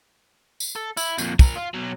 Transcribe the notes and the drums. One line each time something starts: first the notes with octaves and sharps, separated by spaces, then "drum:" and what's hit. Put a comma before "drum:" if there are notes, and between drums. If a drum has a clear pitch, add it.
drum: tambourine
A4
E4, drum: tambourine
F2 A#2, drum: tambourine
F3 A#4, drum: kick, tambourine
F4
B2 F#3